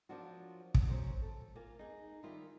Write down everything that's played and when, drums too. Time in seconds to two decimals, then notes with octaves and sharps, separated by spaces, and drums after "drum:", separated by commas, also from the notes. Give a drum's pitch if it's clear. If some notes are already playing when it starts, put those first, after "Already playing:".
0.09 F3 F#3 A#3 D4 F4 F#4
0.74 drum: kick
0.87 F#3 C#4 C5
1.22 A4
1.55 A#3 F4 G#5
1.79 D#4 G#4
2.23 D#3 G3 E4 F4